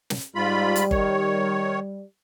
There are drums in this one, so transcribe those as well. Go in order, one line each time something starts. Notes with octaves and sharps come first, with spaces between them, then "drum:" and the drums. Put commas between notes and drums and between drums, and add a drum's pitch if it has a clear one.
drum: snare
G#2 G3 F4 B5
drum: hi-hat
D#3 C#5, drum: kick G1